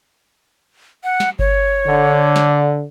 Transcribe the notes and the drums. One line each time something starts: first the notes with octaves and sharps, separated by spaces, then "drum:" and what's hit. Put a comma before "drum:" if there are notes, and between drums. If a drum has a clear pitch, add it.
F#5
drum: snare
C#5, drum: kick G1
D3
drum: snare